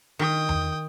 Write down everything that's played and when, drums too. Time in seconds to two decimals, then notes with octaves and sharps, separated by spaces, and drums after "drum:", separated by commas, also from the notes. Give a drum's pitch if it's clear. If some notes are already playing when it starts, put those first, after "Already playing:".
0.19 D#3 G5 D#6
0.49 drum: tom E2